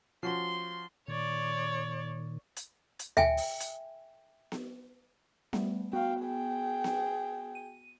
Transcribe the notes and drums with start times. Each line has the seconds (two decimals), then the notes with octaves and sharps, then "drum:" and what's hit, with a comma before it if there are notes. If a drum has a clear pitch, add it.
0.23 F3 C#4 F#4 C6
1.08 A#2 D#3 C#5 D5
2.56 drum: hi-hat
2.99 drum: hi-hat
3.17 E5 G5 G#5, drum: tom D2
3.37 drum: open hi-hat
3.60 drum: hi-hat
4.52 drum: snare B3
5.53 G3 A3 B3, drum: snare B3
5.93 B3 F#4 F5 G5
6.23 G#4 G5
6.84 drum: snare B3
7.55 D#7